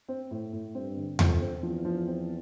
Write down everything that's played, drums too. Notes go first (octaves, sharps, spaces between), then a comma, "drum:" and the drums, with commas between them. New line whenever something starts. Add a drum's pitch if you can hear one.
C4
A2
A2
G2 C4
D3
F2 F3, drum: tom E2
C4
E2 F3
F3
C4